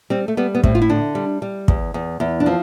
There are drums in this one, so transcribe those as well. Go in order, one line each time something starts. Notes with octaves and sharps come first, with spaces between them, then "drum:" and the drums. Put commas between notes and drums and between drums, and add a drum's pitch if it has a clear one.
G3 C4
A3
G3 B3
B3
A2 C4, drum: kick
F4
E4
D3 D4
G3
G3
E2, drum: kick
E2
E2
D4
F3 C4